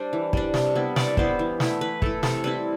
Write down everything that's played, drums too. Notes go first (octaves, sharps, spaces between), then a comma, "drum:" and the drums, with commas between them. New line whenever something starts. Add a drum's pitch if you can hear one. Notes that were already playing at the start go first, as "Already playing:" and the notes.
Already playing: G3 D4 C5
E3
G3 D4, drum: kick
C3, drum: snare
G3 B3 E4
C3 D5, drum: snare
G3 B3 E4 C5, drum: kick
E3
A3 E4, drum: snare
E3 B4
A3 E4 A4, drum: kick
C3 A4, drum: snare
G3 C4 E4 B4